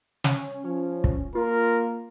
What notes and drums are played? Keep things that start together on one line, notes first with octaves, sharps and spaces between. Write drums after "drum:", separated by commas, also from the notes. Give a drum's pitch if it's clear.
C#4, drum: snare
F3 C#4
drum: kick
A#3 F4 A#4